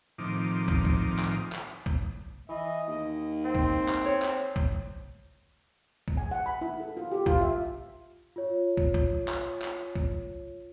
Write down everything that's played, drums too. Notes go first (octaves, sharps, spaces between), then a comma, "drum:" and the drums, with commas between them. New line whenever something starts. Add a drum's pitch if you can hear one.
A2 D#3 F3 C4 D#4 D6
drum: kick
drum: kick
drum: clap
drum: clap
drum: kick
E3 D#5
D#2
C4
drum: kick
drum: clap
C#5
drum: clap
drum: kick
drum: kick
G#5
F#5
B5
E4
A4
F4
G4
F4, drum: kick
E5
F4 C#5
drum: kick
drum: kick
drum: clap
drum: clap
drum: kick